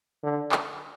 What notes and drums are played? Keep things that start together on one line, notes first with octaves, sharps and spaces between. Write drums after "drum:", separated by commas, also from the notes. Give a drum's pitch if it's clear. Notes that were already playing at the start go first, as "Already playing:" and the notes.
D3
drum: clap